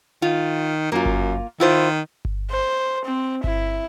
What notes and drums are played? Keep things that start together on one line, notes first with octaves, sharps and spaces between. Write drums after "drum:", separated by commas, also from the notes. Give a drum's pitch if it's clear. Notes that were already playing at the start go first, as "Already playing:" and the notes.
D#3 F4
F#2 A#3 F4
drum: kick G1
D#3 E4 F4 C5
drum: kick G1
C5
C4
E4, drum: kick G1